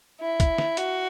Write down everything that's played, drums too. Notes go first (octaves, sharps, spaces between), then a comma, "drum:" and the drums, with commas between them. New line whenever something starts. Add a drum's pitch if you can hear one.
E4
drum: kick, hi-hat
drum: snare
F#4, drum: hi-hat